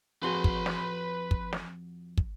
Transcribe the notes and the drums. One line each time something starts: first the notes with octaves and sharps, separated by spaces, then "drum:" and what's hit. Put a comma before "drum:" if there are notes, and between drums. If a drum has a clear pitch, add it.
F2 F#4 G#4 B4 C6
drum: kick
drum: snare
drum: kick
drum: snare
drum: kick